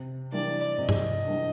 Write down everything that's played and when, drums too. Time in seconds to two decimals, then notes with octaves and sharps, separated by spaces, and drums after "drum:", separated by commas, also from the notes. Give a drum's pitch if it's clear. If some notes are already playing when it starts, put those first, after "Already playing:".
Already playing: C3
0.32 E3 G3 A#3 D4 D5
0.78 C3 D#5
0.89 drum: tom G2
1.25 E3 G3 A#3 D4